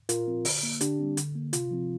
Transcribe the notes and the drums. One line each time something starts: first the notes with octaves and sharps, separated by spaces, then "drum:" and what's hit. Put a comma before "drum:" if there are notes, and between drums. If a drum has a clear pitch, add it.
A#2 F4 A#4, drum: hi-hat
F3 C4
D3, drum: open hi-hat
A#3
D3 D4 G4, drum: hi-hat
G3 C4
D3, drum: hi-hat
A#3
C3 F4, drum: hi-hat
F3 C4